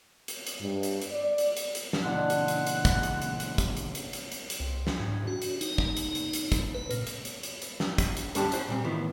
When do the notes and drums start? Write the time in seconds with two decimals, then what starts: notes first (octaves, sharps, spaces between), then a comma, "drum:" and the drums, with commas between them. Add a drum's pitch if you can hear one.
0.28 drum: hi-hat
0.47 drum: hi-hat
0.61 G2
0.83 drum: hi-hat
1.02 drum: hi-hat
1.11 D5
1.38 drum: hi-hat
1.57 drum: hi-hat
1.75 drum: hi-hat
1.93 drum: snare
2.04 A#2 C#3 E3 G#3 D4 F#5
2.30 drum: hi-hat
2.48 drum: hi-hat
2.67 drum: hi-hat
2.85 drum: kick, hi-hat
3.03 drum: hi-hat
3.22 drum: hi-hat
3.40 drum: hi-hat
3.58 drum: kick, hi-hat
3.77 drum: hi-hat
3.95 drum: hi-hat
4.13 drum: hi-hat
4.32 drum: hi-hat
4.50 drum: hi-hat
4.60 C2
4.87 drum: snare
5.00 G#2
5.27 F#4
5.42 drum: hi-hat
5.61 D#4, drum: hi-hat
5.78 drum: kick
5.97 drum: hi-hat
6.15 drum: hi-hat
6.33 drum: hi-hat
6.52 drum: kick, hi-hat
6.74 B4
6.91 A#2, drum: hi-hat
7.07 drum: hi-hat
7.25 drum: hi-hat
7.43 drum: hi-hat
7.62 drum: hi-hat
7.80 drum: snare
7.98 drum: kick, hi-hat
8.17 drum: hi-hat
8.35 F#2 D3 G3 C#4 G4 A5, drum: hi-hat
8.52 C#4 F#4 C5 F#5, drum: hi-hat
8.68 A#2 G3 C4
8.84 A2 D#3 E3 B3 F4